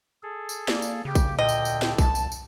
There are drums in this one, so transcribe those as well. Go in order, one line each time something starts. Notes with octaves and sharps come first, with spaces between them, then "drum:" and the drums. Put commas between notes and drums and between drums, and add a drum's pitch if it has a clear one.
G#4 A4
drum: tambourine
A#3 D5, drum: snare
drum: tambourine
C#3 G4
drum: kick, tambourine
D2 A#2 D3 D#5 G5
drum: tambourine
drum: tambourine
drum: snare
C2 A5, drum: kick, tambourine
drum: tambourine
drum: tambourine